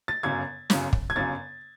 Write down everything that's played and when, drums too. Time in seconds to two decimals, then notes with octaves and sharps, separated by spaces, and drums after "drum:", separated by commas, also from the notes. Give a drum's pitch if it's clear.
0.08 A6
0.23 G1 F#2 C#3 G#6
0.70 G1 F#2 C#3, drum: snare
0.93 drum: kick
1.10 G#6
1.16 G1 F#2 C#3 A6